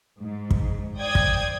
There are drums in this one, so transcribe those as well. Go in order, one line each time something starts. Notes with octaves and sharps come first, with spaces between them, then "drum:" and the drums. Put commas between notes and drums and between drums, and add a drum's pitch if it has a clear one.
G#2
drum: kick
C5 D5 G5 D#6 G#6
drum: kick